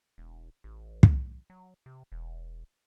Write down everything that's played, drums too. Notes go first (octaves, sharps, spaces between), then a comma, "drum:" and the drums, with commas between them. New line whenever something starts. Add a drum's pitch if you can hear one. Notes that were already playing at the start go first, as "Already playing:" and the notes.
E1
A1
drum: kick
F#3
C3
E1